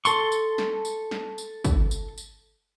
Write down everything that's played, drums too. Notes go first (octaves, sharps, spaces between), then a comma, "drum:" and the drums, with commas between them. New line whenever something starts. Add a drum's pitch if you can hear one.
A4 C6 C#6, drum: tambourine
drum: tambourine
drum: snare
drum: tambourine
drum: snare
drum: tambourine
drum: kick, tambourine
drum: tambourine
drum: tambourine